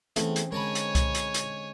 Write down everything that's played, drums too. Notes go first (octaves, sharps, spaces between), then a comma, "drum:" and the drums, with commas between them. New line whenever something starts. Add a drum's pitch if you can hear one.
E2 A3 C4 C#4 G#4, drum: hi-hat
drum: hi-hat
D3 G#3 A#4 C#5 G#5 A5 B5
drum: hi-hat
drum: kick C2, hi-hat
drum: hi-hat
drum: hi-hat